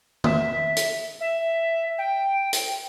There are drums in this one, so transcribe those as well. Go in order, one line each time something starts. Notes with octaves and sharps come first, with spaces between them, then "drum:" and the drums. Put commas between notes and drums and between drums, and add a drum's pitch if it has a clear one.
E5, drum: tom
drum: hi-hat
E5
G5
drum: hi-hat